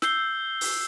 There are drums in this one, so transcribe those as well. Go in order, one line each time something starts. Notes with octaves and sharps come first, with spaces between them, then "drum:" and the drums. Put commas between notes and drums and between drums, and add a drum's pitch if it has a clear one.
E6 G6 C7 G7, drum: snare
drum: open hi-hat